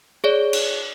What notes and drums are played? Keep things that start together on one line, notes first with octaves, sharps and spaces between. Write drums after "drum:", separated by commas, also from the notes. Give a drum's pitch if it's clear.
G#4 C#5 D5
drum: cymbal